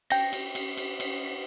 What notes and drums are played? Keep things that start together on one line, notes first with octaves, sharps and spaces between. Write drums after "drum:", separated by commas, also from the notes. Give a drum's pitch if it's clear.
G5 A#6, drum: cymbal
drum: cymbal
drum: cymbal
drum: cymbal
drum: cymbal